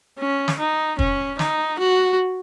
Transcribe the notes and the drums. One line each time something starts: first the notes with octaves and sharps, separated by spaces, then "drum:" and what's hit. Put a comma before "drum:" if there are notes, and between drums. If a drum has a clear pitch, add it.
C#4
drum: snare
D#4
C#4, drum: kick
D#4, drum: snare
F#4